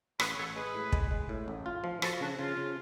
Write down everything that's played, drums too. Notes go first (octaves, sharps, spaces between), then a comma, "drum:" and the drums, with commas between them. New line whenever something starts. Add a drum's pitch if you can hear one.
A1 G#4 B4, drum: rim click
A1 A4 C#5
G#3 G#4 B4
A2
G#3, drum: kick
G#3
A2
A1
F4
F3
F3 F#4 A4, drum: rim click
C#3 D4 F#4
C#3 F4
C#3